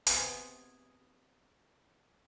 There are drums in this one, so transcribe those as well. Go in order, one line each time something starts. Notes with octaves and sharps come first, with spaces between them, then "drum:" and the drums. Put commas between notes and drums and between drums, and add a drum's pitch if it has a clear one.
C3 B3 C4 G#4, drum: hi-hat